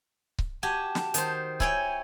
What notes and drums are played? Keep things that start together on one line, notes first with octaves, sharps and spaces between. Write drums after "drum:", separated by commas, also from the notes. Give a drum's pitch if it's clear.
drum: kick C#1
F#4 G4 G#5 A5
drum: snare
D#3 C5, drum: hi-hat
E4 C#5 G5 G#5, drum: kick C#1